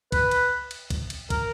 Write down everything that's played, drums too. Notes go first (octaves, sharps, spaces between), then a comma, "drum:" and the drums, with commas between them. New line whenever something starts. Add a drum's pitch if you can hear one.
B4, drum: kick, cymbal
drum: cymbal
drum: cymbal
drum: kick, cymbal
drum: cymbal
A#4, drum: kick, cymbal